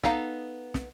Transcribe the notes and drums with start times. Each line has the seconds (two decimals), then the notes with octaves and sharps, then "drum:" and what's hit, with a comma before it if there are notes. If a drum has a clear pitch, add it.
0.03 B3 D#4 A4 F5 A#5, drum: snare
0.74 drum: snare